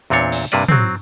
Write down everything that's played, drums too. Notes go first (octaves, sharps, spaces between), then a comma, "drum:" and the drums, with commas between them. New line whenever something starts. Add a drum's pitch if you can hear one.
E2 A#2 C4 D4 C#5
drum: cymbal
G2 C3 A#3 B4 D5, drum: hi-hat
F#3 C4, drum: tom